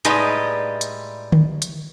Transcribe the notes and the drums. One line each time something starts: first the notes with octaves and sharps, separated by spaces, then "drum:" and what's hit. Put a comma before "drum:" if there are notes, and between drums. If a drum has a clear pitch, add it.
A2 G3 G#3 D#4 B4 D#5, drum: hi-hat
drum: hi-hat
drum: tom D3
drum: hi-hat